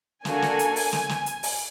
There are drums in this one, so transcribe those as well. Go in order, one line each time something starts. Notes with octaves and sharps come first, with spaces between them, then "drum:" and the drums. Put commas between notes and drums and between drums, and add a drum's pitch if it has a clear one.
A#3 D4 F#4 A4 G#5, drum: snare
drum: snare
drum: hi-hat
drum: open hi-hat
drum: snare
drum: snare
drum: hi-hat
drum: open hi-hat